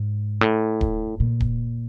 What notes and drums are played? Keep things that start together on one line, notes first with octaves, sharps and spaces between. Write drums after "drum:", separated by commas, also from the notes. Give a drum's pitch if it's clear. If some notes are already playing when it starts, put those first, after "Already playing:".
Already playing: G#2
A2
drum: kick D1
A#2
drum: kick D1